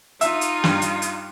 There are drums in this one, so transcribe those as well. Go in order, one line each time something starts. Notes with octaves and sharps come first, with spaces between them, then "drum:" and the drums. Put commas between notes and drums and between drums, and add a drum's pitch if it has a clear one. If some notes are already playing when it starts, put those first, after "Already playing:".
D#4 F4 E5, drum: hi-hat
drum: hi-hat
G2, drum: snare
drum: hi-hat
drum: hi-hat